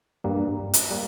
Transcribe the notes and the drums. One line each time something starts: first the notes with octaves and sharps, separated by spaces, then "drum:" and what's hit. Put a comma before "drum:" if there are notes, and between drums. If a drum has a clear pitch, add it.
G2 G3 A#3
drum: hi-hat
G3 A#3